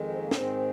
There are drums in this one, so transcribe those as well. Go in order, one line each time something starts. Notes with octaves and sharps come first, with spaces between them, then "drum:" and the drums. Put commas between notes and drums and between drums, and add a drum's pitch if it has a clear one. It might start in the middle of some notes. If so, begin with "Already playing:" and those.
Already playing: F2 D#3 G#3
C4
A#3
G#2 D#3 G#3 C4, drum: snare